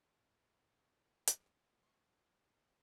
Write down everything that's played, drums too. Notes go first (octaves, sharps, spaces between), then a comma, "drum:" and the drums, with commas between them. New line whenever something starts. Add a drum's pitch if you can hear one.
D2 A2
drum: hi-hat
C6 C#6